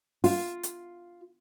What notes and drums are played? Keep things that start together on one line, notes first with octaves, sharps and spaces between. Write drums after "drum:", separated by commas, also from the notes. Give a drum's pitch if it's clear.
F4, drum: open hi-hat
drum: hi-hat